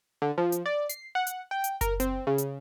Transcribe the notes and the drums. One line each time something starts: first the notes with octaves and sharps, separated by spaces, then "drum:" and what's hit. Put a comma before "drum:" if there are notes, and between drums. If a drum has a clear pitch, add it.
D3
F3
drum: hi-hat
D5
C7, drum: hi-hat
F#5
drum: hi-hat
G5
drum: hi-hat
A#4, drum: kick F#1, hi-hat
C4, drum: hi-hat
C#3
drum: hi-hat